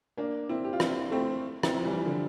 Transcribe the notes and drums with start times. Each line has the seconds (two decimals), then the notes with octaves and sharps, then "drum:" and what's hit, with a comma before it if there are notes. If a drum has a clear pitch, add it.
0.17 A#3 D4
0.49 C4 E4
0.64 G4
0.73 F4
0.80 C4 E4, drum: rim click
1.11 A3 C4
1.63 C4 E4, drum: rim click
1.77 F3
1.85 E3 G3
1.97 E3
2.06 D3 F3